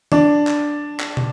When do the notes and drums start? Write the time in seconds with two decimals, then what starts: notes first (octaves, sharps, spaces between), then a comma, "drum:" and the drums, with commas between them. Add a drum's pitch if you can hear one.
0.12 D4 D5, drum: tom D#3
0.47 drum: clap
1.00 drum: clap
1.17 drum: tom